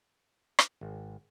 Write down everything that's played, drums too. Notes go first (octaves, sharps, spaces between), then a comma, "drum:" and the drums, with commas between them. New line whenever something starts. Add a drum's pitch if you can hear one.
drum: rim click
G#1